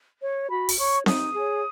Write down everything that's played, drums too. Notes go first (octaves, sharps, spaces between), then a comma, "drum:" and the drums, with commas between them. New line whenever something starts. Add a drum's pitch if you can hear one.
C#5
F#4 B5
drum: open hi-hat
C#5 C#6
D#4 D#6, drum: snare C4
G#4 C#5